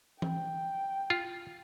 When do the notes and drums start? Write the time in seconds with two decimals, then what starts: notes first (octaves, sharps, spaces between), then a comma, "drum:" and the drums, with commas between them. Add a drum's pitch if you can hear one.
0.22 G5, drum: tom E3
1.10 F4